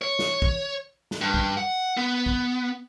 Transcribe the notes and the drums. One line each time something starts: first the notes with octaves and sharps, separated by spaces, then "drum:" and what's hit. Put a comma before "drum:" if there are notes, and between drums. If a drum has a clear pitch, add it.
C#5
drum: snare
drum: kick
drum: snare
G2
drum: kick
F#5
B3
drum: kick